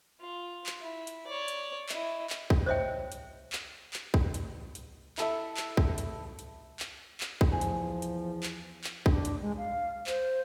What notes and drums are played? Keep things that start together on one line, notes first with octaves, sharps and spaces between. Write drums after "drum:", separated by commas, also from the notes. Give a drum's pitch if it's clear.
F4
drum: clap
E4
drum: hi-hat
C#5 D5
drum: hi-hat
E4 D#5, drum: clap
drum: clap
drum: kick
C5 C#5 D#5 E5 G5
drum: hi-hat
drum: clap
drum: clap
drum: kick
drum: hi-hat
drum: hi-hat
E4 A4 E5, drum: clap
drum: clap
drum: kick
drum: hi-hat
drum: hi-hat
drum: clap
drum: clap
drum: kick
E2 F3 G#4
drum: hi-hat
drum: hi-hat
drum: clap
drum: clap
D4, drum: kick
drum: hi-hat
G#3
F5
C5, drum: clap